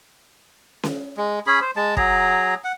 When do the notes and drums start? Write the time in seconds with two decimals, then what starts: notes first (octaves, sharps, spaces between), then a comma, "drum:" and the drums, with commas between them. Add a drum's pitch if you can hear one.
0.83 drum: snare C#4
1.17 G#3
1.47 C#4 G#4 B5
1.62 C5
1.76 G#3 A5
1.97 F#3 G#4 A#5, drum: kick
2.64 F#5